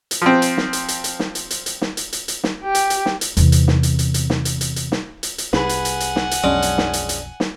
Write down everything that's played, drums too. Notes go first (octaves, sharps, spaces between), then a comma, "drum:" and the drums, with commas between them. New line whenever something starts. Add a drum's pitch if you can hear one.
drum: hi-hat
F3 C4
drum: hi-hat
drum: snare
drum: hi-hat
drum: hi-hat
drum: hi-hat
drum: snare
drum: hi-hat
drum: hi-hat
drum: hi-hat
drum: snare
drum: hi-hat
drum: hi-hat
drum: hi-hat
drum: snare
G4
drum: hi-hat
drum: hi-hat
drum: snare
drum: hi-hat
E2 C3, drum: hi-hat
drum: hi-hat
drum: snare
drum: hi-hat
drum: hi-hat
drum: hi-hat
drum: snare
drum: hi-hat
drum: hi-hat
drum: hi-hat
drum: snare
drum: hi-hat
drum: hi-hat
C2 G#4 B4 F#5 G#5, drum: snare
drum: hi-hat
drum: hi-hat
drum: hi-hat
drum: snare
drum: hi-hat
B1 F2 F#3 G#3 C#4 D4
drum: hi-hat
drum: snare
drum: hi-hat
drum: hi-hat
drum: snare